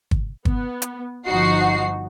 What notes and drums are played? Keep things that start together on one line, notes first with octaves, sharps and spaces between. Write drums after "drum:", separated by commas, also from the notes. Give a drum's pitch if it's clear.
drum: kick
B3, drum: kick
drum: hi-hat
G1 F3 D#4 F#4 C7